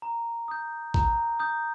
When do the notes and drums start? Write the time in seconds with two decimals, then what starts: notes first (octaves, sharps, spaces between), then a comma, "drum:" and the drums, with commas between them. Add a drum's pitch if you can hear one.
0.02 A#5
0.48 D#6 G6
0.94 A#5, drum: kick A1
1.39 D#6 G6